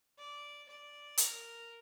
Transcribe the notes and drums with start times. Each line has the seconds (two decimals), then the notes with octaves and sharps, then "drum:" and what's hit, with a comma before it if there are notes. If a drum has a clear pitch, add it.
0.18 D5
0.69 D5
1.18 A#4, drum: hi-hat